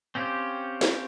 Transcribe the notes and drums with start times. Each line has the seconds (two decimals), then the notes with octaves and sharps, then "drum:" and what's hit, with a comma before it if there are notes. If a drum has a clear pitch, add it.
0.15 C4 C#4 F4 G4
0.81 drum: snare